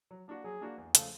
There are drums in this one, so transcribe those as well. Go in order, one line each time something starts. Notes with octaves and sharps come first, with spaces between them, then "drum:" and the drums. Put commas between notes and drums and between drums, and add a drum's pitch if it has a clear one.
F#3
A#3 D4 F#4
F#3 G#4
A#3 D4 F#4
E2
C#3 F3 A3, drum: hi-hat